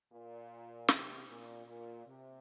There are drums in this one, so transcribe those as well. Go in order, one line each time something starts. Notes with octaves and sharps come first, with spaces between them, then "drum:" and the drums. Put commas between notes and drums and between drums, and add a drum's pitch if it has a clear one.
A#2
C3, drum: snare
A#2
A#2
C3